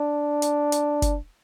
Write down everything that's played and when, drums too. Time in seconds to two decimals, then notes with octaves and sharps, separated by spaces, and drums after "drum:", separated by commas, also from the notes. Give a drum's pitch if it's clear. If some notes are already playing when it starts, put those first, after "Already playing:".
Already playing: D4
0.42 drum: hi-hat
0.72 drum: hi-hat
1.02 drum: kick F#1, hi-hat